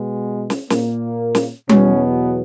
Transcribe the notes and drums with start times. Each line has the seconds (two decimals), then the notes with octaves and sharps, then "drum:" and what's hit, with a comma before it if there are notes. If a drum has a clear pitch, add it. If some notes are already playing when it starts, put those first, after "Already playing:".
Already playing: B2 G#3 B3
0.50 drum: snare
0.70 A#2 A#3, drum: snare
1.35 drum: snare
1.69 E2 B2 F#3 B3 C#4, drum: tom G3